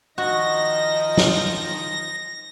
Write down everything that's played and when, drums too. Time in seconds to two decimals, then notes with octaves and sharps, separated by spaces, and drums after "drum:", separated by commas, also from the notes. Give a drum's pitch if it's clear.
0.18 D#3 F3 D#4 F#4 D#5 A#6
1.17 drum: snare